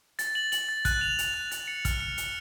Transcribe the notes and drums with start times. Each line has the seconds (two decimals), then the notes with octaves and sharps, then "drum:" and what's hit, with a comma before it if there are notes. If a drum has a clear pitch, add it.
0.19 A6, drum: hi-hat
0.35 F#7
0.52 F#7, drum: hi-hat
0.69 A6
0.85 F#6, drum: kick, hi-hat
1.01 F7
1.19 F7, drum: hi-hat
1.34 F#6
1.51 A6, drum: hi-hat
1.68 C#7
1.85 F6, drum: kick, hi-hat
2.00 C#7
2.18 C#7, drum: hi-hat